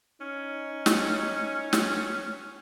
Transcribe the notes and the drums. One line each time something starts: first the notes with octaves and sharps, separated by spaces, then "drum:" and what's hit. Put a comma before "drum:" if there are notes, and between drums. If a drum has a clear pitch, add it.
C#4 D#4
drum: snare
drum: snare